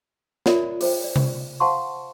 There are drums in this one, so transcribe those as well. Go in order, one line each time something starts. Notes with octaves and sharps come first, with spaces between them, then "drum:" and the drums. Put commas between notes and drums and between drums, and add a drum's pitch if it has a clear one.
F4 A#4 C#5 D5 E5, drum: snare
G#4 C5 G5, drum: open hi-hat
D5
drum: tom C3
C5 F5 F#5 A5 C6 C#6